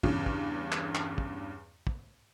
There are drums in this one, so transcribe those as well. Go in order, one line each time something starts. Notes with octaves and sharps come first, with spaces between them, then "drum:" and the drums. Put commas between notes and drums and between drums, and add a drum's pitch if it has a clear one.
E2 G2 C#3, drum: kick
drum: kick
drum: clap
drum: clap
drum: kick
drum: kick